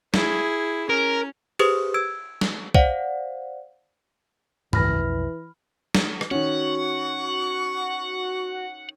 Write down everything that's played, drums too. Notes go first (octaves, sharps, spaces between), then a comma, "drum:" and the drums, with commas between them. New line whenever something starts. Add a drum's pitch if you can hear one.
E4 G#4, drum: snare
C#4 A#4
G4 G#4 B4 C5 D#6, drum: cymbal
E6 G#6 D7
drum: snare
C5 D5 F5 F#5, drum: kick
B1 F2 E3 B5 F6 A#6, drum: tom G2
drum: snare
drum: rim click
D#3 C#4 F#4 F#5 C#6